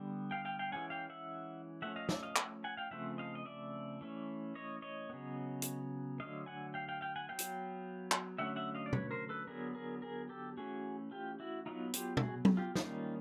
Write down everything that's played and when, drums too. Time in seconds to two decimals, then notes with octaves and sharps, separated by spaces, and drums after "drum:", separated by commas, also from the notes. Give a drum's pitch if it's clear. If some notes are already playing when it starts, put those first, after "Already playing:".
Already playing: D3 G3 B3
0.31 F5 G5
0.45 F5 G5
0.59 F5 G5
0.72 E3 G#3 C#4 F#5 G#5
0.90 F5 G5
1.10 E5 F#5
1.82 F3 A3 C#4 E5 F#5
1.96 D#5 F5
2.09 D5 E5, drum: snare
2.23 D#5 F5
2.36 E5 F#5, drum: clap
2.64 F#5 G#5
2.77 F5 G5
2.91 C#3 F3 A3 C4 E5 F#5
3.18 D#5 F5
3.35 D#5
3.45 D5 E5
4.01 E3 A3 C#4
4.55 C#5 D#5
4.82 C#5 D#5
5.10 C#3 F#3 B3
5.62 drum: hi-hat
6.20 D3 F#3 A3 D#5 F5
6.46 F#5 G#5
6.74 F5 G5
6.88 F5 G5
7.01 F5 G5
7.16 F#5 G#5
7.29 F#3 B3 F5 G5
7.39 drum: hi-hat
8.12 drum: clap
8.38 D3 F#3 A3 C#4 E5 F#5
8.56 E5 F#5
8.75 D#5 F5
8.86 D5
8.93 B4 C#5, drum: tom B2
9.11 A#4 C5
9.29 A4 B4
9.47 D3 F#3 B3 G#4 A#4
9.75 G#4 A#4
10.02 G#4 A#4
10.29 G4 A4
10.57 E3 A3 C#4 F#4 G#4
11.11 F4 G4
11.40 E4 F#4
11.66 F#3 B3 D#4 F4
11.94 F4 G4, drum: hi-hat
12.17 A4, drum: tom B2
12.21 F#4 G#4
12.45 drum: tom F#3
12.57 F4 G4
12.75 D#3 G3 A#3 C#4 D#4 F4, drum: snare